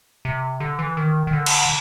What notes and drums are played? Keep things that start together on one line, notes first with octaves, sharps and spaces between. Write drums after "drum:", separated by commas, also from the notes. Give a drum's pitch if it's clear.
C3
D3
E3
D#3
D#3
D3
drum: cymbal